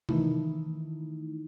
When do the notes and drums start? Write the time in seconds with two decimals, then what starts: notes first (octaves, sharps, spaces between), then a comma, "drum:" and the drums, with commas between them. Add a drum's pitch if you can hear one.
0.09 D#3 E3 A3 D#4 E4, drum: tom C3